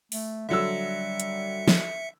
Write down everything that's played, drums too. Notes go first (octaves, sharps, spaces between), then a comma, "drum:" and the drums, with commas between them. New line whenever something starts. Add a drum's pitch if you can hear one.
A3, drum: open hi-hat
D3 F#3 G3 E5 E6 C#7
drum: hi-hat
drum: snare